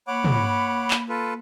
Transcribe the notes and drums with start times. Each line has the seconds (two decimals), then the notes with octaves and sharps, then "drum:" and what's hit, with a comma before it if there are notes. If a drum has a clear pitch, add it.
0.07 A#3 C#5 F#5 B5 D6
0.24 drum: tom
0.91 drum: clap
1.09 F4 A4 B4